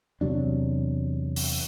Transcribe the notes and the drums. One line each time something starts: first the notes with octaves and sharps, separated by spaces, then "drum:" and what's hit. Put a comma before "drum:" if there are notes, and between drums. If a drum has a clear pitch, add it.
E2 C3 F#3 D4
drum: open hi-hat